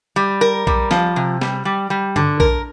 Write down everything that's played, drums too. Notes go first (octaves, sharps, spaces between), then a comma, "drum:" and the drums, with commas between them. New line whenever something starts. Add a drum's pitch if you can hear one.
G3
A#4
G3, drum: kick A#1
F3, drum: snare
C3
G3, drum: snare
G3
G3
D3, drum: tom G2
A#4, drum: kick A#1